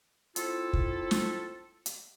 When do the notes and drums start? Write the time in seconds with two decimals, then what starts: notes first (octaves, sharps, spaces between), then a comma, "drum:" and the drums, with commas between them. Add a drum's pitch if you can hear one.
0.36 C4 E4 F4 A4, drum: hi-hat
0.73 drum: kick
1.11 drum: snare
1.86 drum: hi-hat